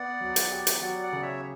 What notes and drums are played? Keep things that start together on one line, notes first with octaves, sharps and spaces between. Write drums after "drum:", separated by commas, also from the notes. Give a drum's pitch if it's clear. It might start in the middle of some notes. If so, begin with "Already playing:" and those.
Already playing: B3 D5 F#5
F#3
drum: hi-hat
G4
drum: hi-hat
F#3 D5 F#5
D5 F#5
C#3
C#5 E5